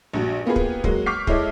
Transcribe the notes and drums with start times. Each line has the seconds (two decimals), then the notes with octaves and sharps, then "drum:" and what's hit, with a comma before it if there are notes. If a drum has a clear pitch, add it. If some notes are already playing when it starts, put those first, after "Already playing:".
0.13 A#1 G2 F#4
0.46 A#3 B3 F4 G4 G#4 B4
0.56 drum: kick
0.84 F#3 G#3 A#3 F#4, drum: kick
1.06 C#6 D6 F6 G6 B6 C7
1.27 G#3 E4 A4 C#5 D#5 E5, drum: kick